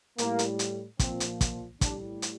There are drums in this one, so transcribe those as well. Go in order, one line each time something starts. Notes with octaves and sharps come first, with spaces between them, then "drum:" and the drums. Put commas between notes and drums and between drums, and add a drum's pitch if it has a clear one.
A2 G3 A#3, drum: hi-hat
drum: hi-hat
drum: hi-hat
A#2 F3 C4, drum: kick, hi-hat
drum: hi-hat
drum: kick, hi-hat
A2 G3 D4, drum: kick, hi-hat
drum: hi-hat